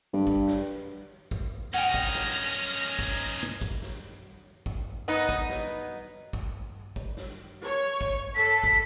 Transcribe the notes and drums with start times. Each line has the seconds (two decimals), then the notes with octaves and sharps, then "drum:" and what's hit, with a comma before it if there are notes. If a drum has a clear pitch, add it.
0.13 G2
0.27 drum: kick
0.48 drum: snare
1.31 drum: kick
1.74 C#4 D#4 F#5 G5 F6 A#6
1.94 drum: kick
2.15 drum: snare
2.99 drum: kick
3.61 drum: kick
3.82 drum: snare
4.66 drum: kick
5.08 B3 D#4
5.29 drum: kick
5.50 drum: snare
6.33 drum: kick
6.96 drum: kick
7.17 drum: snare
7.64 C#5
8.01 drum: kick
8.35 A4 B6
8.63 drum: kick